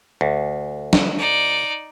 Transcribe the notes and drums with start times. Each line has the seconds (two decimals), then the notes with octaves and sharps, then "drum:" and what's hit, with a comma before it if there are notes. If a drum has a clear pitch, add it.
0.21 D2
0.93 drum: snare
1.18 D#4 D5